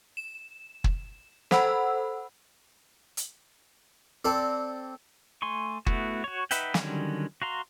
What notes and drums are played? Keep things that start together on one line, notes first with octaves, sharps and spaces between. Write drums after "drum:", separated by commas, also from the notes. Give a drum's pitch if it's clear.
E7
drum: kick
A4 C5 F#5 B5 E6, drum: snare
drum: hi-hat
C4 A4 D5
A3 G#5 C6 C#6
A3 B3 E4 F#4, drum: kick
F#4 C#5
D#4 B4 E5 F#5 G5, drum: hi-hat
D3 D#3 F#3 G3 C#4, drum: snare
F#4 F5 A#5 C6